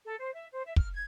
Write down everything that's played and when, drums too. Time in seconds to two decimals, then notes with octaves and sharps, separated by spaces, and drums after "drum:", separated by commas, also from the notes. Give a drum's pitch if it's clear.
0.05 A4
0.19 C5
0.34 E5
0.52 C5
0.65 E5
0.76 F6, drum: kick
0.93 G#6